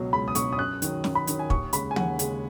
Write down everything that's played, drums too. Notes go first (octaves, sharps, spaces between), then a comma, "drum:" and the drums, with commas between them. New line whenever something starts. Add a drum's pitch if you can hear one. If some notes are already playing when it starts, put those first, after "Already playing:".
Already playing: C#2 B2 F#3
C#2 B5
D#6
B2 F#3 C#6, drum: hi-hat
D#6
F#2 F#6
D#3 F#3, drum: hi-hat
F#2, drum: snare
B5
D#3 F#3, drum: hi-hat
G#5
D#2 C#6, drum: kick
C#3 G#3 B5, drum: hi-hat
G#5
D#2 F#5, drum: tom
C#3 G#3, drum: hi-hat